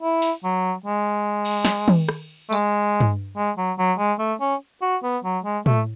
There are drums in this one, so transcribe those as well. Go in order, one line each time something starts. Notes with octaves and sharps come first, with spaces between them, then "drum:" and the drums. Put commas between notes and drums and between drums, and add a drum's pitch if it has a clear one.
E4
drum: open hi-hat
F#3
G#3
drum: cymbal
drum: snare
drum: tom
drum: rim click
A3
G#3, drum: tambourine
drum: tom G2
G#3
F#3
F#3
G#3
A3
C#4
F#4
B3
F#3
G#3
A3, drum: tom A2